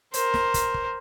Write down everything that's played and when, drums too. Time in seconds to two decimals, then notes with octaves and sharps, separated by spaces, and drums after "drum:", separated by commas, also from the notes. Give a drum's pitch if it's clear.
0.14 A#4 C5, drum: hi-hat
0.34 drum: snare
0.54 drum: kick, hi-hat
0.74 drum: kick